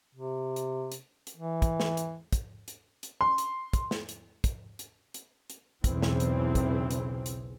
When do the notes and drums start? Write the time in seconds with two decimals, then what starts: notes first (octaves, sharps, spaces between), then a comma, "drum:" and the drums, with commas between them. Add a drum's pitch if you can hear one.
0.15 C3
0.56 drum: hi-hat
0.92 drum: hi-hat
1.27 drum: hi-hat
1.36 E3
1.62 drum: kick, hi-hat
1.80 drum: snare
1.97 drum: hi-hat
2.33 drum: kick, hi-hat
2.68 drum: hi-hat
3.03 drum: hi-hat
3.21 C6
3.38 drum: hi-hat
3.73 drum: kick, hi-hat
3.91 drum: snare
4.09 drum: hi-hat
4.44 drum: kick, hi-hat
4.79 drum: hi-hat
5.14 drum: hi-hat
5.50 drum: hi-hat
5.84 B1 E2 C#3 E3 C4, drum: kick, hi-hat
6.02 drum: snare
6.20 drum: hi-hat
6.55 drum: kick, hi-hat
6.91 drum: hi-hat
7.26 drum: hi-hat